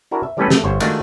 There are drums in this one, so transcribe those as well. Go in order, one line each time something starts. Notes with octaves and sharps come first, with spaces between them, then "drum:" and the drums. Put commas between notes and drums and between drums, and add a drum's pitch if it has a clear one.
D4 E4 F#4 A#4
E5
E3 G3 A3 C#4 A4 B4
A3, drum: snare
G1 C5 C#5
D#3 G#3 A3 D4 F4 F#4, drum: cymbal